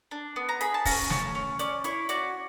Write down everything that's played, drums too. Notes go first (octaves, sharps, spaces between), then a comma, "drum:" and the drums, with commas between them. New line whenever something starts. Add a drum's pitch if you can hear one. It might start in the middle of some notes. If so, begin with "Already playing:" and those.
D4
B3
A#5
G#4 B5, drum: hi-hat
A5
C#4 A#5, drum: kick, open hi-hat
C#4 A5, drum: snare
C#4
C#4 D5, drum: hi-hat
E4 C#5, drum: hi-hat
F#4 D5, drum: hi-hat